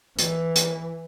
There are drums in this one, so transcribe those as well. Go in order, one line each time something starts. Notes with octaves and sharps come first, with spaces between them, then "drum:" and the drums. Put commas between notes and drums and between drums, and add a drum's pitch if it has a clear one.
E3, drum: hi-hat
drum: hi-hat